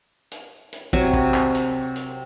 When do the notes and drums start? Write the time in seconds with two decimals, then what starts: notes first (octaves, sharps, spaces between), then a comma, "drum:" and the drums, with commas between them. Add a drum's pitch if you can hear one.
0.31 drum: hi-hat
0.73 drum: hi-hat
0.93 C3 F#3 G#5, drum: kick
1.14 drum: kick
1.34 drum: clap
1.55 drum: hi-hat
1.96 drum: hi-hat